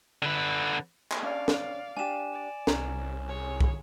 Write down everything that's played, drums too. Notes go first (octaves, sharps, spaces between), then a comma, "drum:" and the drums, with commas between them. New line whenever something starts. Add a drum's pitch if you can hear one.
D3 B4
drum: clap
C#4 D4 D5 F5
drum: snare
D4 G4 G#5 E7
D5
C2 C#4 A#5, drum: snare
G#4 C#5
drum: kick